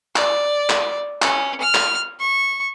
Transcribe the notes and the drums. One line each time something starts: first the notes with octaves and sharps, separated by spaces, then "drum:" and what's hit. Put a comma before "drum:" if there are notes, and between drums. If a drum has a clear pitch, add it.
D5, drum: clap
drum: clap
C#4, drum: clap
F6
drum: clap
C#6